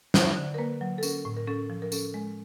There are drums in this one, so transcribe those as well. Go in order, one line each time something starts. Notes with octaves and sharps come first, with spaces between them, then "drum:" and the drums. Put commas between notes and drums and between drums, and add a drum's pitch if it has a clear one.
F#3 C5, drum: snare
D3
A#4
A#3 B4
F#3
A4
C#4 A#4, drum: tambourine
A2
A#4
C#4 A4
F3
A#4
C#4 A4, drum: tambourine
G#3